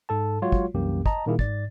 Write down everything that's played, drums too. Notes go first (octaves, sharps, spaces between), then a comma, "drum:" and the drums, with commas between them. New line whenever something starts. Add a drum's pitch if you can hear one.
G#2 A4 A5
F#3 G#3 F4 F#4 C#5
drum: kick
C2 F#2 E3 A#3 G4
D#5 A5 A#5, drum: kick
A#2 D#3 G3 A#3 E4 G#4
G#2 D5 A6, drum: kick